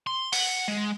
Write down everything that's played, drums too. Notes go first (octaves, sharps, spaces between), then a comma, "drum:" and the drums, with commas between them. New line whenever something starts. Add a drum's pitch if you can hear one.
C6
F#5, drum: open hi-hat
G#3